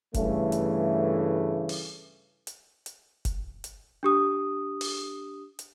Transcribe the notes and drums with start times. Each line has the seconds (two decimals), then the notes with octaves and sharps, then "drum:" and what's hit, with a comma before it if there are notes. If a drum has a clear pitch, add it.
0.14 G2 C#3 E3 A3, drum: kick F1, hi-hat
0.52 drum: hi-hat
1.69 drum: open hi-hat
2.47 drum: hi-hat
2.86 drum: hi-hat
3.25 drum: kick F1, hi-hat
3.64 drum: hi-hat
4.03 D4 G4 D#6
4.81 drum: open hi-hat
5.59 drum: hi-hat